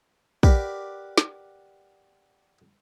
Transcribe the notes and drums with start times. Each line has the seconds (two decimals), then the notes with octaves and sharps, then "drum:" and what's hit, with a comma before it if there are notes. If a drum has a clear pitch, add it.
0.43 G4 A#4 B4 D5 F#5, drum: kick
1.18 drum: snare